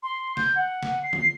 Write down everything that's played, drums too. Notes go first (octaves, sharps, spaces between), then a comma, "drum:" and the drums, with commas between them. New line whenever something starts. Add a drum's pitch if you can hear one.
C6
G6, drum: snare
F#5
drum: snare
C7
drum: tom D3